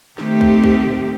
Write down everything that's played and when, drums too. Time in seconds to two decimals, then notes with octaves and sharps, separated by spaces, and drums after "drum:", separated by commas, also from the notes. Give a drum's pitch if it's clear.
0.18 D#3 A3 C4 G4, drum: snare
0.41 drum: kick
0.64 drum: kick
0.86 drum: tom G#2